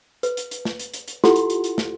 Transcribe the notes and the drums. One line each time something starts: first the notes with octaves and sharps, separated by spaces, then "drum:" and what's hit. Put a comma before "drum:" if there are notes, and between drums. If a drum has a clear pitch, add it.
B4, drum: hi-hat
drum: hi-hat
drum: hi-hat
drum: snare
drum: hi-hat
drum: hi-hat
drum: hi-hat
E4 F4 G4 A4 F#5 C6, drum: snare
drum: hi-hat
drum: hi-hat
drum: hi-hat
drum: snare